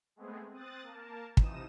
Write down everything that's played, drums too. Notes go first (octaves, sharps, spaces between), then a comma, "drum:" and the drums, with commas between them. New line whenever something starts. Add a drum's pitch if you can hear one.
G#3 A3 B3 C4 G#4
C4 D#6 F#6 A6
A#3 A#4 A5
C3 E3 F3 D#4 D#6 E7, drum: kick